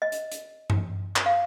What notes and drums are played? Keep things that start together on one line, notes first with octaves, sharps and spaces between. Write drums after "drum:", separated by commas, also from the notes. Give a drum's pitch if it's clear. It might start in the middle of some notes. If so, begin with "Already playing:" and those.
D#5
drum: hi-hat
drum: hi-hat
drum: tom G2
drum: clap
F5